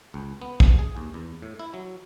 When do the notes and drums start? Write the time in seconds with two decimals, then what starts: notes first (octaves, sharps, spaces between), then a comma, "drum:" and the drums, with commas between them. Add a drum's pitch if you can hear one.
0.14 C#2
0.42 B3
0.60 A1, drum: kick
0.79 G#4
0.97 D#2
1.14 E2
1.42 A2
1.59 E4
1.74 F#3